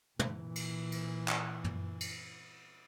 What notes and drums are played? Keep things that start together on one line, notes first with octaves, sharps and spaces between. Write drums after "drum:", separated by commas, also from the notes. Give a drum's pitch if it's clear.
A#2 E3, drum: tom
drum: cymbal
drum: cymbal
drum: clap
drum: tom
drum: cymbal